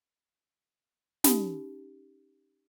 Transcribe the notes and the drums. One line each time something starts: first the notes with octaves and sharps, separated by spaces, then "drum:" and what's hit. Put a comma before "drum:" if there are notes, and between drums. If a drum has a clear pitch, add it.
C#4 D#4 G4, drum: snare